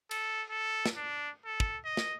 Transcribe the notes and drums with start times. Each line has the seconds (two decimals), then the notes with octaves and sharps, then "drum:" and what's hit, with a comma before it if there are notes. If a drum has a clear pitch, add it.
0.11 A4, drum: cymbal
0.50 A4
0.86 drum: snare
0.96 D4
1.46 A4
1.60 drum: kick
1.85 D#5
1.97 drum: snare